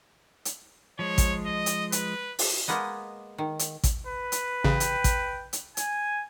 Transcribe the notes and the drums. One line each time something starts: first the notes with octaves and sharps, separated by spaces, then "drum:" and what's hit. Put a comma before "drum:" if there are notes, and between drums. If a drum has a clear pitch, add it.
drum: hi-hat
F3 G#3 C#5
drum: kick A1, hi-hat
D#5
drum: hi-hat
B4, drum: hi-hat
drum: open hi-hat
G#3 A#3 B3 D#5
D#3
drum: hi-hat
drum: kick A1, hi-hat
B4
drum: hi-hat
A1 C#3 G5
drum: hi-hat
drum: kick A1, hi-hat
drum: hi-hat
G#5, drum: hi-hat